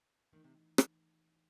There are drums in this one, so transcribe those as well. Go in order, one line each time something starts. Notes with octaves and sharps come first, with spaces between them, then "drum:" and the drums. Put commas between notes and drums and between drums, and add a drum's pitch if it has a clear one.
D#3 E3 A3 D#4
C3
drum: rim click